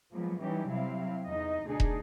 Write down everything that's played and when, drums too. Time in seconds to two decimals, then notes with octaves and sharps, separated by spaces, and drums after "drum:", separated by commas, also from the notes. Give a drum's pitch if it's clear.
0.12 F3 F#3 G#3 A#3 B3
0.42 E3 F#3 G3 C#4 D#4 G4
0.70 C3 F#3 C4 E4 F5
1.26 E2 D#4 D#5
1.66 D2 B2 D4 D#4 G#4
1.80 drum: kick